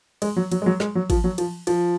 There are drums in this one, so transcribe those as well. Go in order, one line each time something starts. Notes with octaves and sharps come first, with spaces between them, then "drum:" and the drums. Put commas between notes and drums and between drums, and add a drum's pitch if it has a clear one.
G#3, drum: cymbal
F#3
F#3, drum: cymbal
G#3
F#3
G#3, drum: snare
F#3
F3, drum: kick G#1, cymbal
F#3
F3, drum: cymbal
F3, drum: cymbal